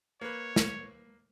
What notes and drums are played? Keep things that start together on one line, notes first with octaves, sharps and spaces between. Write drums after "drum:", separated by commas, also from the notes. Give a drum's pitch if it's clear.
A#3 B4 C#5
drum: snare